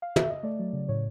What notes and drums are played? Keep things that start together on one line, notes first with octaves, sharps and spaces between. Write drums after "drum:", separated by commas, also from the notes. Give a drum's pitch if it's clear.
F5
E5, drum: tom
D#5
A3 D5
F#3
C#3
A2 C#5